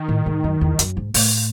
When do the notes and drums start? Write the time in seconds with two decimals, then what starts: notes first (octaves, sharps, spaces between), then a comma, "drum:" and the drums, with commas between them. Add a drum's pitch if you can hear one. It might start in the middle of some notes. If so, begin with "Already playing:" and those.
Already playing: D#3
0.09 A2
0.26 G#2
0.44 F#2
0.61 E2
0.79 F#2, drum: hi-hat
0.97 G#2
1.14 A2, drum: open hi-hat